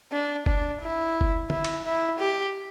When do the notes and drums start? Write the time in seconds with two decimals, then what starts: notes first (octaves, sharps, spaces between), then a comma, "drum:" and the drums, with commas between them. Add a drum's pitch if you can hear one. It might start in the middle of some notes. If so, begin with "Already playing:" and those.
0.12 D4
0.46 D4, drum: kick F#1
0.82 E4
1.21 drum: kick F#1
1.50 E4, drum: tom D3
1.64 drum: cymbal
1.85 E4
2.19 G4